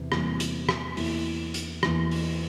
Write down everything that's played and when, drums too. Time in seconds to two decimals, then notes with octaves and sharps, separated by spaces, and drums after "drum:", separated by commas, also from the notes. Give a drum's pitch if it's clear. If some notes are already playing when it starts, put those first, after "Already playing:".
Already playing: E2 C3
0.12 E2 C3 G3 A#3, drum: rim click
0.40 drum: hi-hat
0.69 drum: rim click
0.97 E2 E3 A#3 E4, drum: open hi-hat
1.54 drum: hi-hat
1.83 E2 E3 A#3 E4, drum: rim click
2.11 drum: open hi-hat